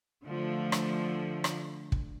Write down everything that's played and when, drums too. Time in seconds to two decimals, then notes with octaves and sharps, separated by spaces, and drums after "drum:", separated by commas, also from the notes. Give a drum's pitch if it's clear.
0.24 D3 F3 A3
0.72 drum: rim click
1.44 drum: rim click
1.92 drum: kick